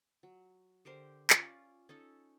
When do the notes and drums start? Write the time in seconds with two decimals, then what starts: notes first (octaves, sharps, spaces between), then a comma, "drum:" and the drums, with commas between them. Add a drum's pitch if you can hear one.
0.23 F#3
0.85 D3 G4 A#4 C5
1.30 C#4 F4 D5, drum: clap
1.89 C#4 D#4 A4